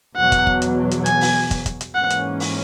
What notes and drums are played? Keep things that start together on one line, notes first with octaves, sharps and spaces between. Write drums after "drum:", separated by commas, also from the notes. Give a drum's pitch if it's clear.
E2 B2 F#3 B3 F#5
drum: kick, hi-hat
drum: kick
drum: hi-hat
drum: hi-hat
G#5, drum: hi-hat
drum: open hi-hat
drum: kick, hi-hat
drum: kick, hi-hat
drum: hi-hat
G#2 E3 A#3 C#4 F#5
drum: hi-hat
drum: open hi-hat